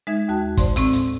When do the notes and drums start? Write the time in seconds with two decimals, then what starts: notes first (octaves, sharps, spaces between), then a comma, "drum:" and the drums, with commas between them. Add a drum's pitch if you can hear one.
0.07 G#3 D#4 E5 G#6
0.28 D#2 F#4 A5
0.57 C5 D5 C6, drum: kick, hi-hat
0.76 A2 C4 E6, drum: hi-hat
0.93 drum: hi-hat